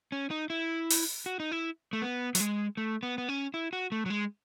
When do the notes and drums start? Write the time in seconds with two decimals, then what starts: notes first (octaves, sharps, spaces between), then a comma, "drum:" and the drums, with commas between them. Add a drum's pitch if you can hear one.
0.12 C#4
0.31 D#4
0.50 E4
0.90 drum: open hi-hat
1.26 F#4
1.40 D#4
1.52 E4
1.93 A3
2.02 B3
2.35 F#3, drum: hi-hat
2.40 G#3
2.77 A3
3.03 B3
3.18 B3
3.29 C#4
3.54 E4
3.73 F#4
3.92 A3
4.06 F#3
4.10 G#3